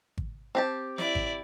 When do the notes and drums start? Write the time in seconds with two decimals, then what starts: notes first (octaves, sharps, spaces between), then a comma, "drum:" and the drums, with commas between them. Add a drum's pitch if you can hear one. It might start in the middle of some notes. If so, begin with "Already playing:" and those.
0.18 drum: kick G#1
0.55 C4 G4 A5
0.98 E4 D5, drum: snare
1.15 drum: kick G#1